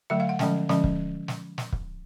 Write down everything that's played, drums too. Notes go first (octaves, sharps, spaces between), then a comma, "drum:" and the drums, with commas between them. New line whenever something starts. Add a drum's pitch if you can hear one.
D3 F#3 A3 E5
F5
F#5
D3 F3 G#3 C#4 G5, drum: snare
D3 F3 G#3 C#4, drum: snare
drum: kick
drum: snare
drum: snare
drum: kick